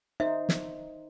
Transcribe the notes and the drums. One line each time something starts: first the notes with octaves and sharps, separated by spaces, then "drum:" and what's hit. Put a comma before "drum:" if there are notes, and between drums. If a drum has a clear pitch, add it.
D#4 C5 E5
drum: snare